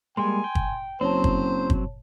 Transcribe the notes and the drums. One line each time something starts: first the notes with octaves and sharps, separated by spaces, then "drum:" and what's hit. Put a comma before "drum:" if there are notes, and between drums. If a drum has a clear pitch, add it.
G3 G#3 A#3 G#5 C6
G5
drum: kick
F#1 F#3 C4 C5 C#5 A5
drum: kick
drum: kick